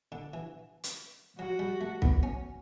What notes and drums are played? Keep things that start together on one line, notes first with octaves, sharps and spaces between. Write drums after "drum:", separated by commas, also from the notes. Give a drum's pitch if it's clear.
D3
E3
drum: hi-hat
F#3 F#4
G3
A3
B3, drum: kick
C#4